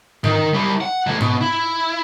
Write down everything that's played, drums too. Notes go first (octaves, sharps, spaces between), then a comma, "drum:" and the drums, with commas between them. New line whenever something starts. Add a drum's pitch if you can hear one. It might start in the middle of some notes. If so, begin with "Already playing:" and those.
D#3, drum: tom G#2
G3 E4
F#5
E3 A3
B2, drum: tom G#2
E4